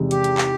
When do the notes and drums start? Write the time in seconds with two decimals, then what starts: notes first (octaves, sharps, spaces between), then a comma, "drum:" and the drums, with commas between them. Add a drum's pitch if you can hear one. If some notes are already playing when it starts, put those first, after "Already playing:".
Already playing: E2 C3 D#3 G#3
0.11 G4, drum: hi-hat
0.24 drum: hi-hat
0.38 drum: clap